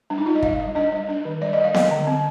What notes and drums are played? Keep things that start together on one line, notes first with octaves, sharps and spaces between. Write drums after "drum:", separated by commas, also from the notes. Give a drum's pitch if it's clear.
G3 D4
D#4
G3 F4
D#5
G3 F5, drum: kick
G3
D4 D#5
G3
D4
D#3
G3 D5
D#5
G3
F5
A#3 D#5, drum: snare B3
D3
C4